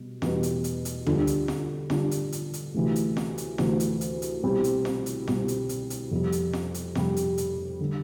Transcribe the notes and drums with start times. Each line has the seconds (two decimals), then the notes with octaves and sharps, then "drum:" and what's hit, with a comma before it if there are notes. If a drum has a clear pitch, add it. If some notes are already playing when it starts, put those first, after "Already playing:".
Already playing: B2 G3
0.22 E2 B2 G3 B3, drum: snare
0.43 drum: hi-hat
0.64 drum: hi-hat
0.85 drum: hi-hat
1.07 D3 G3 D4 F4, drum: tom D2
1.27 drum: hi-hat
1.48 drum: snare
1.90 D3 G3 D4 F4, drum: snare
2.11 drum: hi-hat
2.32 drum: hi-hat
2.53 drum: hi-hat
2.74 D2 C3 E3
2.96 drum: hi-hat
3.17 drum: snare
3.38 drum: hi-hat
3.58 D2 C3 E3, drum: snare
3.80 drum: hi-hat
4.01 drum: hi-hat
4.22 drum: hi-hat
4.43 C2 B2 G3 C4
4.64 drum: hi-hat
4.85 drum: snare
5.06 drum: hi-hat
5.28 C2 B2 G3 C4, drum: snare
5.48 drum: hi-hat
5.69 drum: hi-hat
5.90 drum: hi-hat
6.11 F2 C3 G3
6.32 drum: hi-hat
6.53 drum: snare
6.74 drum: hi-hat
6.95 F2 C3 G3, drum: snare
7.17 drum: hi-hat
7.38 drum: hi-hat
7.80 D3 G3